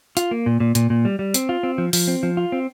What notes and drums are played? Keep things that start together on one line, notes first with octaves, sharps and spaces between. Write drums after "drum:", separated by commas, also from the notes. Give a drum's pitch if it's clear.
F4, drum: hi-hat
A#3
A#2
A#2
A#2, drum: hi-hat
A#2
G3
G3
C4, drum: hi-hat
F4
C4
F3
F3, drum: open hi-hat
C4
F3
F4
C4